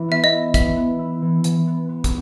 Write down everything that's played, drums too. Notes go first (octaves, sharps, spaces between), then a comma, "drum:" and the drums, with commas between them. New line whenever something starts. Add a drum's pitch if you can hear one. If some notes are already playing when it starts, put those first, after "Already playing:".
Already playing: E3 E4
B3 E5
D#5
E4
E3 E5, drum: kick, hi-hat
B3
E4
E3
E3, drum: hi-hat
B3
B3
drum: kick, hi-hat